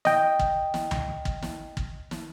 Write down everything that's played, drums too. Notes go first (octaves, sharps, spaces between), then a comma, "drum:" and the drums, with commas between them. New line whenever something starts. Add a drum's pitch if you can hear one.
D#5 G5, drum: snare
drum: kick
drum: snare
drum: tom C#2
drum: kick
drum: snare
drum: kick
drum: snare